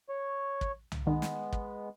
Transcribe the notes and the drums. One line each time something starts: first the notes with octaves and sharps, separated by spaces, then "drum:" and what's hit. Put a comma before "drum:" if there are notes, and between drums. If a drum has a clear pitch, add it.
C#5
drum: kick
drum: tom C2
D#3 G#3 B3
drum: snare
drum: kick